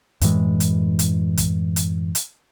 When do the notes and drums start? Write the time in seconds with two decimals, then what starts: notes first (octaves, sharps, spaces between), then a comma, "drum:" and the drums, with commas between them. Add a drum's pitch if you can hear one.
0.21 F#2 A2 E3 G#3, drum: hi-hat
0.60 drum: hi-hat
0.99 drum: hi-hat
1.37 drum: kick, hi-hat
1.76 drum: hi-hat
2.15 drum: hi-hat